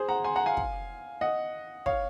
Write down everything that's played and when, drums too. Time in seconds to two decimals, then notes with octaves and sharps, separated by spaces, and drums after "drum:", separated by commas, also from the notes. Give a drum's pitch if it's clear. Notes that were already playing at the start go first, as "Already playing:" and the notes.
Already playing: G#4 C5
0.09 F#5 A#5
0.24 G#5 C6
0.36 F#5 A#5
0.46 F5 G#5
0.57 drum: kick
1.21 D#5 F#5
1.86 C#5 F5, drum: kick